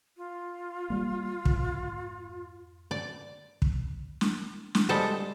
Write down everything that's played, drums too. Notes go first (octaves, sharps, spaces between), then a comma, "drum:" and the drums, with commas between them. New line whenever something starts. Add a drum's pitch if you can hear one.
F4
G3 A#3
F2 G#2, drum: kick
D5
drum: kick
drum: snare
drum: snare
G3 G#3 A4 C5